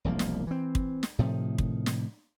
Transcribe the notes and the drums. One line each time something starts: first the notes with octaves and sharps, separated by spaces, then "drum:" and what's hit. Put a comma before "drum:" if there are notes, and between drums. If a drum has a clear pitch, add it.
E1 C2 F3 A#3
drum: snare
E3 C4
drum: kick
drum: snare
A2 C3 D#3 F3
drum: kick
drum: snare